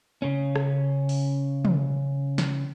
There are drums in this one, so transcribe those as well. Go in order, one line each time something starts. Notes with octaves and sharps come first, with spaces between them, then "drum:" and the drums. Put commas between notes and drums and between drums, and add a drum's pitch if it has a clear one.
C#3 C#4
drum: rim click
drum: open hi-hat
drum: tom
drum: snare